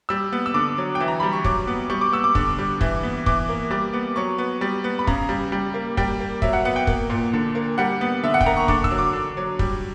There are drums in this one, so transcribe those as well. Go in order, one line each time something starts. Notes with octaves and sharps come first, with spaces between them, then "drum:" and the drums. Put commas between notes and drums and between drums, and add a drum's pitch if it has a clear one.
G3 E6
B3
E6
D3 D6
F#3
G5
E3
A#5
G3 B5
C#6
F#3 D6, drum: kick
B3
G3 C#6
D6
B3 E6
D6
D3, drum: kick
G3
E3, drum: kick
B3
E3 D6, drum: kick
A#3
G3 D6
B3
F#3 C#6
B3
G3
B3
B5
C#3 A#5, drum: kick
G3
G3
A#3
G3 G5, drum: kick
A#3
F#3 E5, drum: kick
F#5
B3 F#5
G5
A#3, drum: kick
A#2
D3
A#3
G3 F#5
B3
D3 E5
F#5
G5, drum: kick
A#3 A#5
C#6
D3 D6, drum: kick
E6, drum: kick
F#3
D6
D3
F#3
G3, drum: kick